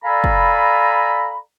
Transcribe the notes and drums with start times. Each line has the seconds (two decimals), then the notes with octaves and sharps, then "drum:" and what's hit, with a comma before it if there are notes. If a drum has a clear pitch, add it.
0.04 A4 D5 F5 G#5 A#5 B5
0.24 drum: kick